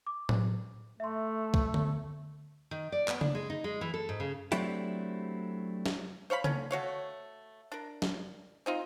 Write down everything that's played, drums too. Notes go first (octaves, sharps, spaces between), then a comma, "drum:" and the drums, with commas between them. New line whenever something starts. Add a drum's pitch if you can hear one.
D6
drum: tom A2
A3 E5 C6
drum: kick C2
drum: tom D3
D#3
D5
B3, drum: clap
D4, drum: tom C#3
G#3
D#4
G#3
E3
A4
G#2
C#3
F#3 A3 C4 D4 E4 G4, drum: hi-hat
drum: snare
C5 C#5 F5 B5
D3 C#4, drum: tom C#3
A3 F#4 C#5 F5
D4 A#4
drum: snare
C4 D#4 F4